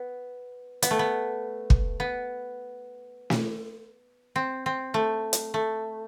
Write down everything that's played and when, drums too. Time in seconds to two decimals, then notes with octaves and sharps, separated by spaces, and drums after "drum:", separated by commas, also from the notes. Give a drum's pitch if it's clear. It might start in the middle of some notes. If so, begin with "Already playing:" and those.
Already playing: B3
0.82 B3, drum: hi-hat
0.91 A3
0.99 B3
1.70 drum: kick
2.00 B3
3.30 drum: snare
4.36 C4
4.66 C4
4.94 A3
5.33 drum: hi-hat
5.54 A3